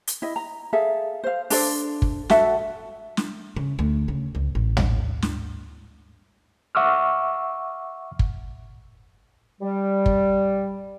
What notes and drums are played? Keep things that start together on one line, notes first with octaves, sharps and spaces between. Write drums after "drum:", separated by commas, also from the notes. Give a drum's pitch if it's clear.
drum: hi-hat
E4 D#5
A#5
G#4 A4 E5 F5
C5 F5
D4 A4 C5 D5, drum: open hi-hat
drum: kick
F#4 A4 E5 F#5, drum: snare
drum: snare
C#3
D2
C#3
C#2
A1
drum: tom
drum: snare
E5 F#5 C#6 D6 E6 F6
drum: kick
G3
drum: kick